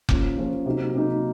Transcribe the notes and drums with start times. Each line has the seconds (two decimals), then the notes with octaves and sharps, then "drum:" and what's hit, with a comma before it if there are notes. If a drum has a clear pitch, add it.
0.09 F3 A#3 C#4 F4, drum: kick F1
0.38 F3 A#3 C#4 F4
0.66 C3 F#3 A#3 D#4
0.94 C3 F#3 A#3 D#4